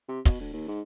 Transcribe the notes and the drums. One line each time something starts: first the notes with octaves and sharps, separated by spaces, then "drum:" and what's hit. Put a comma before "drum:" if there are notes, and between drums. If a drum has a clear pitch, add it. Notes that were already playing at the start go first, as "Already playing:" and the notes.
C3
B2, drum: kick, hi-hat
D2
D#2
G#2